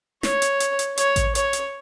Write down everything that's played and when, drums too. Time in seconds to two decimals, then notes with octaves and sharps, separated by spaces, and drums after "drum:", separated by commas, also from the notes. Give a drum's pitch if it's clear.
0.23 C#5, drum: snare
0.42 drum: hi-hat
0.60 drum: hi-hat
0.79 drum: hi-hat
0.97 C#5, drum: hi-hat
1.16 drum: kick A1, hi-hat
1.35 C#5, drum: hi-hat
1.53 drum: hi-hat